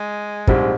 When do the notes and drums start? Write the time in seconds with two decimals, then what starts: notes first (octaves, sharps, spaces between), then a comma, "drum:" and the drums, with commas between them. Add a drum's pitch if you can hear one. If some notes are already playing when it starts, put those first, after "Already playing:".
Already playing: G#3
0.47 A#1 G#2 G3 C4, drum: kick